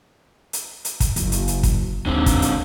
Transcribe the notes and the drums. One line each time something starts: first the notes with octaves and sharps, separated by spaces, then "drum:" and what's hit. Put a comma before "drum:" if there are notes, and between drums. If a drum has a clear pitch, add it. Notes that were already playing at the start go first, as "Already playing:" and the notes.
drum: hi-hat
drum: hi-hat
drum: kick, hi-hat
F#1 F#3, drum: hi-hat
drum: hi-hat
drum: hi-hat
drum: kick, hi-hat
D#2 D3 G#3 C4
drum: kick, hi-hat
drum: hi-hat